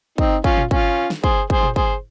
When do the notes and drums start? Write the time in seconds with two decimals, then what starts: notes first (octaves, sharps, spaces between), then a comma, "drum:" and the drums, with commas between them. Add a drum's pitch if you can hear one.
0.18 C4 D#4, drum: kick
0.44 C#4 F4, drum: kick
0.58 drum: tom
0.71 C#4 F4, drum: kick
1.10 drum: snare
1.24 G#4 C5, drum: kick
1.50 G#4 C5, drum: kick
1.63 drum: tom
1.76 G#4 C5, drum: kick